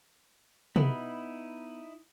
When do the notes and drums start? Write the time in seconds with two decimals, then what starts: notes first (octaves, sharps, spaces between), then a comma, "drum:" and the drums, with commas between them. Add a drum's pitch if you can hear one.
0.76 B3 D#4 E4 B5, drum: tom